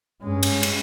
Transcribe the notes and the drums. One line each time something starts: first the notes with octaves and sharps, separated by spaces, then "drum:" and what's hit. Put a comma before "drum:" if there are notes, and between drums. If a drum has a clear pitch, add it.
G2 G#3 C#4
drum: cymbal
drum: cymbal